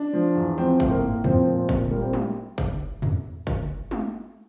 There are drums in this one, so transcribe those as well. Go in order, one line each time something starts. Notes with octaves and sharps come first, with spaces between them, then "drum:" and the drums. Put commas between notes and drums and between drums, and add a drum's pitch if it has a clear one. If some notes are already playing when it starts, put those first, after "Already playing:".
Already playing: D4
F3
E2
F3 C4
A2, drum: kick
C4
A#3
A2
F3 C4, drum: tom E2
A#2
C4
A#2, drum: kick
G3 A#3
C4
drum: tom G#3
drum: kick
drum: tom E2
drum: kick
drum: tom G#3